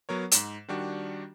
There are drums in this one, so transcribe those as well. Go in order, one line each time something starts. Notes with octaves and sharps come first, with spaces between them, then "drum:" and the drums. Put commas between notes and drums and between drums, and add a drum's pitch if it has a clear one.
F#3 B3 A#4 C#5
G#2 E7, drum: hi-hat
D#3 G3 D4 F#4 G4